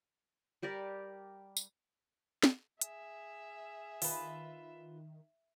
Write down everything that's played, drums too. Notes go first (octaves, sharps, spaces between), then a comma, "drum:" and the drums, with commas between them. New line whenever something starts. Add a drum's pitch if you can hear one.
G3 G4 A#4 D5
drum: tambourine
drum: snare
G#4 E5, drum: hi-hat
D#3 F4 B4, drum: open hi-hat